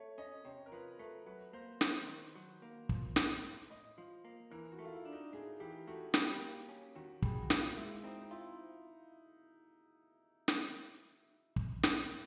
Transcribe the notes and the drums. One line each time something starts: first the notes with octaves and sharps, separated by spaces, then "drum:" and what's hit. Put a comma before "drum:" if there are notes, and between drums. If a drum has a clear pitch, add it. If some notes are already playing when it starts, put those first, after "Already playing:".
Already playing: A3 C#5
C#4 D#5
C3 C#5
A#4
F3 B4
A3 B4
F#3 B4
A#3 C5
D#3 C5, drum: snare
D#3
F#3
A#3
F3, drum: kick
A#3, drum: snare
A2
A2 D#5
F3
A#3
E3 A#4
F#4
A3
F4
E4
D4
D#4
A2 G#4
E3 G4
A3 F#4
G3 G4, drum: snare
A#3
C#4
D#3 F#4
G3 G#4, drum: kick
F#4
A#3 F4, drum: snare
G#3 E4
C4 D#4
D#4
E4 F4
drum: snare
drum: kick
drum: snare